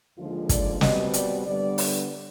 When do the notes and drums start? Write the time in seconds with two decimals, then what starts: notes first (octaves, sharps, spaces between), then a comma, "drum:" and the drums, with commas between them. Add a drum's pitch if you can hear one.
0.17 D#2 D3 F3 G#3 F4
0.49 D5, drum: kick, hi-hat
0.81 B2 G3 C4 D#5, drum: snare
1.14 D5, drum: hi-hat
1.46 G2 D3 G3 B3 D5
1.78 drum: open hi-hat